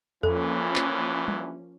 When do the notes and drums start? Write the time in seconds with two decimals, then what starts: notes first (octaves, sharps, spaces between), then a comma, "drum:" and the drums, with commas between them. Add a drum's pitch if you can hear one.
0.23 D2 G2 E3 F3 A#3 C#4 A4, drum: tom E2
0.76 drum: clap
1.28 drum: tom